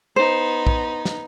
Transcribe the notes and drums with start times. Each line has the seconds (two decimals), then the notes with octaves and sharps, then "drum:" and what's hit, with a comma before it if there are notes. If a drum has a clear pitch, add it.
0.16 B3 D#4 C5
0.67 drum: kick
1.05 drum: snare